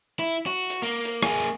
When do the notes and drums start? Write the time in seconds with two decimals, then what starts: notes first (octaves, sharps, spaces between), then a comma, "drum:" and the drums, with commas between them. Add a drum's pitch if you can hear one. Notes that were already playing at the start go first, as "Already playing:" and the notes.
0.19 E4
0.46 F#4
0.70 drum: hi-hat
0.82 A#3
1.05 drum: hi-hat
1.23 A#3 G#4, drum: rim click
1.40 drum: hi-hat